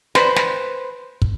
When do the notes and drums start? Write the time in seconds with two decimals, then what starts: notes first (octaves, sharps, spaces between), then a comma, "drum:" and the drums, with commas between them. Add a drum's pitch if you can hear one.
0.15 B4 C5, drum: snare
0.36 drum: snare
1.22 drum: kick